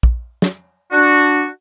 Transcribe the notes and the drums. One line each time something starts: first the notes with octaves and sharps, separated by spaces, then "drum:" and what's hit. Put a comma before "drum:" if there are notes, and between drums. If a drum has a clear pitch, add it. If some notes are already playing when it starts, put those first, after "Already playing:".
drum: kick A#1
drum: snare
D4 F#4